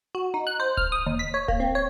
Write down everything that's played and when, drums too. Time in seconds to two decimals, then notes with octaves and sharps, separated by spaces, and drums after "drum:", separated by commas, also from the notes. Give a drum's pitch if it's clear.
0.15 F#4
0.34 D#4
0.47 F#6
0.60 C5
0.77 F6, drum: kick D1
0.92 D#6
1.07 D#2
1.19 B6
1.34 C#5
1.48 A#3, drum: kick D1
1.60 C4
1.75 C#5